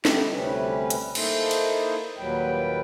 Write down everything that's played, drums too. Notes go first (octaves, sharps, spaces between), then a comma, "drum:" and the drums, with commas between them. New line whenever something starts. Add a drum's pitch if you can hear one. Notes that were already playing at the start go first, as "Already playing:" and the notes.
D3 G3 A3 D#4 G4, drum: snare
D2 C3 G3 C#4 B4
drum: hi-hat
A#3 D#4 E4 A4 C5, drum: cymbal
drum: cymbal
D#2 A#2 F#3 G3 B4 G5